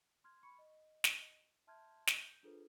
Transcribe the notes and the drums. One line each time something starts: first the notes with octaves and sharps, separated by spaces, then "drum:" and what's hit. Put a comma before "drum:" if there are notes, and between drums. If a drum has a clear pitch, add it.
C6 F6 G#6
B5 C#6 C#7
D#5
drum: snare
E5 A5 C6 F6 G6 G#6
drum: snare
G6
D4 F4 G#4 A4 B4 C5